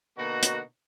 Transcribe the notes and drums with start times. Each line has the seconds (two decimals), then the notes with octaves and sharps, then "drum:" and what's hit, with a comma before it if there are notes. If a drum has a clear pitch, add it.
0.17 B2 D3 A#3 D#4 F#4
0.43 drum: hi-hat